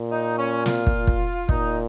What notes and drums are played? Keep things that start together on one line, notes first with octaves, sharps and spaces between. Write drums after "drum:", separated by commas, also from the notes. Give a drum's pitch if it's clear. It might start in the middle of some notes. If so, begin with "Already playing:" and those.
Already playing: A#2
D#4
C#4
F4, drum: snare
drum: kick
drum: kick
A#2 D#4, drum: kick